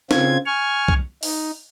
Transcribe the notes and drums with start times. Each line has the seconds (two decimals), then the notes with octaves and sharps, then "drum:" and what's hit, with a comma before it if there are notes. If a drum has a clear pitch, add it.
0.11 C#3 C4 F4 G#6, drum: snare
0.46 G#5 C#6 F6
0.88 drum: kick C2
1.23 D#4, drum: open hi-hat